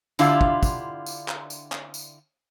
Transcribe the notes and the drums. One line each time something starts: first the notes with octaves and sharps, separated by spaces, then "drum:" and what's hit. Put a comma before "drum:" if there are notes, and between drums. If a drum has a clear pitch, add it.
D3 D4 E4 F4 G4 F5, drum: tambourine
drum: kick
drum: kick, tambourine
drum: tambourine
drum: clap
drum: tambourine
drum: clap
drum: tambourine